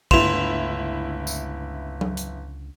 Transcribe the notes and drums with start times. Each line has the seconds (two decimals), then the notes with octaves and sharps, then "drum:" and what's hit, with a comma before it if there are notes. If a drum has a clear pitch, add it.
0.11 G1 C#2 D3 A3 E4 C6 E7 F7, drum: kick
1.27 drum: tambourine
2.01 drum: tom F#3
2.17 drum: hi-hat